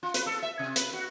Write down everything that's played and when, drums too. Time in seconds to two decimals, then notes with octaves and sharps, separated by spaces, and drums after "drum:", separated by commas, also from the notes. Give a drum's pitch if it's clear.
0.03 F4
0.14 B4, drum: hi-hat
0.26 A4
0.42 E5
0.59 C3
0.76 B4, drum: hi-hat
0.93 F#4